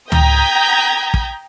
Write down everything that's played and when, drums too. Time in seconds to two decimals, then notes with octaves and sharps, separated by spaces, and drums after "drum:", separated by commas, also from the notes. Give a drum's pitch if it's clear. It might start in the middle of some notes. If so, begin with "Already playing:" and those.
0.12 G5 A#5 D#6 G6 G#6 B6, drum: tom C#2
1.14 drum: kick